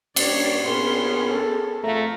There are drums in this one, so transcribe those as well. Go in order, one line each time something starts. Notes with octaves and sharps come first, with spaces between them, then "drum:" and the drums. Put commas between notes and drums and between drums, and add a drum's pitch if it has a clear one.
G2 A#3 D4 C#5 D5, drum: cymbal
A#2 B3 C#4 D4 G#4 A#4 C6
G#4 A4
F2 A3 F5 A#5